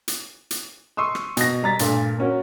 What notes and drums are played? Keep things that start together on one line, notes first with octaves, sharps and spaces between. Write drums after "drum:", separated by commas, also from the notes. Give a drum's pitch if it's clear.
drum: hi-hat
drum: hi-hat
C6 C#6 D#6 E6
drum: rim click
B2 A#6, drum: hi-hat
G3 A#5 A6 B6
G2 A#2 A3, drum: hi-hat
A#3 C#4 F#4 A#4